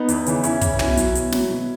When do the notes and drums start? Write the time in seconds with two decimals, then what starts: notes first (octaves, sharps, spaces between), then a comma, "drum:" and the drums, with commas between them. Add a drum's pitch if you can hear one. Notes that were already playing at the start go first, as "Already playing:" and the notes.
Already playing: B3 D#4
0.08 E2, drum: hi-hat
0.26 C#3 E3, drum: hi-hat
0.43 E2 C#4 E4, drum: hi-hat
0.61 C#3 E3, drum: kick, hi-hat
0.79 B2 C#4 E4, drum: tom
0.97 F#3, drum: hi-hat
1.15 B2, drum: hi-hat
1.32 F#3, drum: snare
1.50 B2